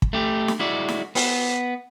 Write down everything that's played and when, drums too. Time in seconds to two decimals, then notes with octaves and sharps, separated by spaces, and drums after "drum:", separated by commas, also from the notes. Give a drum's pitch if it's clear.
0.02 drum: kick
0.13 A3 G4
0.48 drum: snare
0.59 G#3 E4 F#4 D5
0.88 drum: snare
1.15 B3, drum: open hi-hat